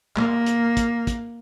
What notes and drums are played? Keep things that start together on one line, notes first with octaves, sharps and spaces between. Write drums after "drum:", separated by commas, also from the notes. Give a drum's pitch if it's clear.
A#3, drum: clap
drum: hi-hat
drum: kick, hi-hat
drum: kick, hi-hat